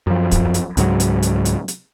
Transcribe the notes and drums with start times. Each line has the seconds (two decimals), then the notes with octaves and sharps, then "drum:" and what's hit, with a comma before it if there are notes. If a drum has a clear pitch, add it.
0.07 F#2 F3
0.31 drum: kick, hi-hat
0.54 drum: hi-hat
0.77 C#2 G#2 F#3, drum: hi-hat
1.00 drum: hi-hat
1.22 drum: hi-hat
1.45 drum: hi-hat
1.68 drum: hi-hat